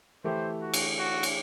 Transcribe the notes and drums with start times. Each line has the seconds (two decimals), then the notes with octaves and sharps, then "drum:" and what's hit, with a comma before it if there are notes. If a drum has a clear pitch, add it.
0.24 E3 A3 E4 G4 C5
0.61 F#4
0.74 drum: cymbal
0.99 F#4
1.23 drum: cymbal